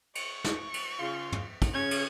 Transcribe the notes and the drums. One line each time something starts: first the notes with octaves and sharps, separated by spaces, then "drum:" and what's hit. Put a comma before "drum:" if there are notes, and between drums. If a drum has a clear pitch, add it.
C#6, drum: cymbal
drum: snare
drum: cymbal
C#3 F4
drum: tom
drum: kick, cymbal
C#3 C#4 G#6
drum: cymbal